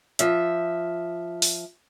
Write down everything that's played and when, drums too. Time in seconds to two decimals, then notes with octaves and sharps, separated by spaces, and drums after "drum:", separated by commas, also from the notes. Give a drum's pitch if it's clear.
0.19 F3 E5, drum: hi-hat
1.42 drum: open hi-hat